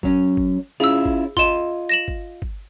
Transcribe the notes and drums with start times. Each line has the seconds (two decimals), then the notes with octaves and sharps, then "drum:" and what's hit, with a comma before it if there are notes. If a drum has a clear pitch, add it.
0.03 F#3 C#4, drum: kick G1
0.37 drum: kick G1
0.80 C#4 E4 F4 G#4 E6
1.06 drum: kick G1
1.37 F4 D#5 C6 E7, drum: kick G1
1.89 A#6 E7 F#7
2.08 drum: kick G1
2.42 drum: kick G1